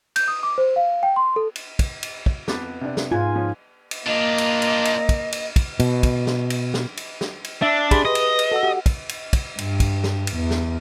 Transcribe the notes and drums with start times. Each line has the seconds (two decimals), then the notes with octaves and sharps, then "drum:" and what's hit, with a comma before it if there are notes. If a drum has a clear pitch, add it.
0.16 G6, drum: cymbal
0.28 D#6
0.43 D6
0.58 C5
0.76 F5
1.03 G5
1.16 C6
1.36 A4
1.56 drum: cymbal
1.79 drum: kick, cymbal
2.03 drum: cymbal
2.26 drum: kick
2.48 F2 B3 D6 A6, drum: snare
2.81 C3 D4
2.97 drum: snare
3.11 G#2 F4 G#5
3.35 F3 C#4
3.91 drum: cymbal
4.07 A#3 D4 F4 D#5
4.38 drum: cymbal
4.62 drum: cymbal
4.85 drum: cymbal
5.09 drum: kick, cymbal
5.32 drum: cymbal
5.56 drum: kick, cymbal
5.80 B2, drum: cymbal
6.03 drum: kick, cymbal
6.27 drum: snare
6.50 drum: cymbal
6.74 drum: snare
6.97 drum: cymbal
7.21 drum: snare
7.44 drum: cymbal
7.62 D4 E5
7.91 G4 G#4 B5 C6, drum: kick, cymbal
8.05 B4 D#5
8.15 drum: cymbal
8.39 drum: cymbal
8.52 F#4 A4 F#5 E6
8.63 G4
8.86 drum: kick, cymbal
9.09 drum: cymbal
9.33 drum: kick, cymbal
9.58 G2, drum: cymbal
9.80 drum: kick, cymbal
10.04 drum: snare
10.27 drum: cymbal
10.37 E2
10.51 drum: snare